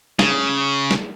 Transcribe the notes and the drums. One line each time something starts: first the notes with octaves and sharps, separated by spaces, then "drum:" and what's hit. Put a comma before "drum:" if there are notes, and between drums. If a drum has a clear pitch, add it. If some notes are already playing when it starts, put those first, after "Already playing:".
C#3, drum: snare
drum: snare